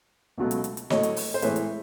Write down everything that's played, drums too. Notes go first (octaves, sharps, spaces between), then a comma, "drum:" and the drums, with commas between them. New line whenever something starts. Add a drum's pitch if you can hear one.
C#2 B2 F#3 A3
drum: hi-hat
drum: hi-hat
drum: hi-hat
A2 F#3 A3 C#5 D#5, drum: snare
drum: hi-hat
drum: open hi-hat
C5
A2 E3 G#3 B4 C#5, drum: hi-hat
drum: hi-hat